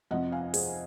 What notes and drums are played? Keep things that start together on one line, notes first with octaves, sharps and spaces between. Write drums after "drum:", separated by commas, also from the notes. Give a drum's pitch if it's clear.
F2 C3 F3 D#5 F#5
F5 G#5
G#4 C5, drum: open hi-hat